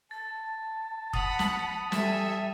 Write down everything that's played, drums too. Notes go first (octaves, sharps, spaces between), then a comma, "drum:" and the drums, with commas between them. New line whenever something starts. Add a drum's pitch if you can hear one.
A5 A6
F#5 B5 D#6 D#7, drum: kick F1
drum: snare
G3 A4 E5 G#5 A6 D#7 E7, drum: snare